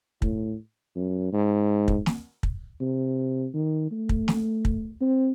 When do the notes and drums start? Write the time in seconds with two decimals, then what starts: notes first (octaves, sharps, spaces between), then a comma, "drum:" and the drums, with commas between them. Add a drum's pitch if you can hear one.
0.22 A2, drum: kick
0.96 F#2
1.33 G#2
1.88 drum: kick
2.06 drum: snare
2.43 drum: kick
2.80 C3
3.54 D#3
3.91 A3
4.09 drum: kick
4.28 drum: snare
4.65 drum: kick
5.01 C4